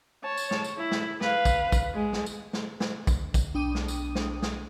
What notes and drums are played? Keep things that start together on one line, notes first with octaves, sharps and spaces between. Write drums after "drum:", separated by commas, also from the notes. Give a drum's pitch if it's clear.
C#5 A5
drum: tambourine
drum: snare
drum: tambourine
E4
drum: snare
B4 F5, drum: snare
drum: kick, tambourine
drum: kick, tambourine
G#3
drum: snare
drum: tambourine
drum: snare
drum: snare
drum: kick, tambourine
drum: kick, tambourine
B1 D4 G5 D#6 D#7
drum: snare
drum: tambourine
drum: snare
drum: snare